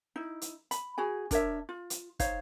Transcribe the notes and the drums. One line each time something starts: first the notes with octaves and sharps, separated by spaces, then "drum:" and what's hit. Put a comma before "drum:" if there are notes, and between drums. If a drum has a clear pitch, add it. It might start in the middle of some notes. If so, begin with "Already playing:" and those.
D#4 E4
drum: hi-hat
B5, drum: hi-hat
F#4 G#4 G#5
D4 A#4 C#5 E5, drum: kick, hi-hat
F4
drum: hi-hat
D#4 C5 C#5 F5, drum: kick, hi-hat